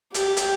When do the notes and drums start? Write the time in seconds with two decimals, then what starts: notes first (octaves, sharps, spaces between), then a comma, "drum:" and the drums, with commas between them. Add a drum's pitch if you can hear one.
0.14 G4, drum: hi-hat
0.37 drum: hi-hat